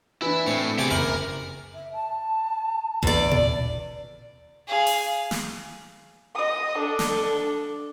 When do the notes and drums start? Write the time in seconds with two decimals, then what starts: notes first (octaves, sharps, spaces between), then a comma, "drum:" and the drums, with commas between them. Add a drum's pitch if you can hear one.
0.22 E3 D4 E4
0.47 A2 C4
0.78 C3 G#4 E5 G5 A5
0.90 F#1 A#4 G#5 B5
1.75 E5
1.93 A5
3.03 E2 D5, drum: kick G#1
3.31 drum: tom A#2
4.68 G#4 F5
4.87 drum: open hi-hat
5.31 drum: snare
6.35 D#5 D#6
6.79 D4 A4
6.99 drum: snare